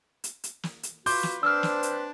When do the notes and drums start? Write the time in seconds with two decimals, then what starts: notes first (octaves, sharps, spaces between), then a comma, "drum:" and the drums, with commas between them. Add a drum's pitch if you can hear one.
0.24 drum: hi-hat
0.44 drum: hi-hat
0.63 drum: snare
0.83 drum: hi-hat
1.06 F4 F#4 B4 C6 D6 G6, drum: open hi-hat
1.23 drum: snare
1.43 C4 D4 B4 C5 D5 A5 E6 F6
1.63 drum: snare
1.83 drum: hi-hat